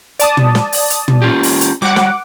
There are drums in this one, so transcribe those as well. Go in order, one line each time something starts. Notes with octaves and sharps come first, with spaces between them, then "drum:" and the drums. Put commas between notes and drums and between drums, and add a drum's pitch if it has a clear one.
D5 A5 D#6, drum: hi-hat
drum: tom
drum: snare
drum: open hi-hat
drum: hi-hat
drum: tom
C#4 F4 G4
drum: open hi-hat
drum: hi-hat
G3 F#4 F#5 D6
drum: snare